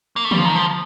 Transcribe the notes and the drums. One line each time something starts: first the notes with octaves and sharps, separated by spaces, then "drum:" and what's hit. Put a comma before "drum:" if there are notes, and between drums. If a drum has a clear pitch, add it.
A#3
A3
G3, drum: tom D3
F3
D#3
F3